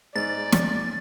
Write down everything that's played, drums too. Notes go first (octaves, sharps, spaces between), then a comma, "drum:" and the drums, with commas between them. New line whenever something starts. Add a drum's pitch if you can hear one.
G#2 D5 A6
drum: snare